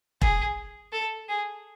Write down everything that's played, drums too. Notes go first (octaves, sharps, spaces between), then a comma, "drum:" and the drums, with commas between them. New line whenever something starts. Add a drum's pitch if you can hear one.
G#4, drum: kick E1
A4
G#4